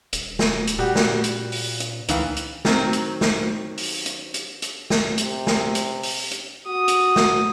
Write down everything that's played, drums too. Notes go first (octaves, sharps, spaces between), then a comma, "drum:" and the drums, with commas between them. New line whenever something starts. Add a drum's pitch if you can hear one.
D#1, drum: hi-hat
drum: snare
drum: hi-hat
A#2 G3 F#4 G4
drum: snare
drum: hi-hat
drum: open hi-hat
drum: hi-hat
C#2 D#3 E3 F5, drum: hi-hat
drum: hi-hat
D#3 F#3 C4, drum: snare
drum: hi-hat
drum: snare
drum: open hi-hat
drum: hi-hat
drum: hi-hat
drum: hi-hat
drum: snare
C3, drum: hi-hat
drum: snare
drum: hi-hat
drum: open hi-hat
drum: hi-hat
F#4 D#6
drum: hi-hat
drum: snare